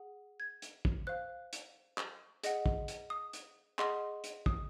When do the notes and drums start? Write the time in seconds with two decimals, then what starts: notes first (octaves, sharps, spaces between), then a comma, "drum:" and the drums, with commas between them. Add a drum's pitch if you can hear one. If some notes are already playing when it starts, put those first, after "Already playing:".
Already playing: G#4 F#5
0.40 G#6
0.62 drum: hi-hat
0.85 drum: kick
1.07 C5 F5 F#6
1.53 drum: hi-hat
1.98 drum: clap
2.43 G#4 D#5 F#5, drum: hi-hat
2.66 drum: kick
2.88 drum: hi-hat
3.10 D#6
3.33 drum: hi-hat
3.79 G#4 D#5 F#5 C6, drum: clap
4.24 drum: hi-hat
4.46 D#6, drum: kick